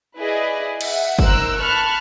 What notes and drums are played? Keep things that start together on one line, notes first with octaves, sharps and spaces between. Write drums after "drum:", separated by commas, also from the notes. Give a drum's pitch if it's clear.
E4 G#4 B4 D5 D#5
E5 F#5, drum: cymbal
D#4 A#4 C5 E6 F#6, drum: kick
A5 B5 C#6 F6 F#6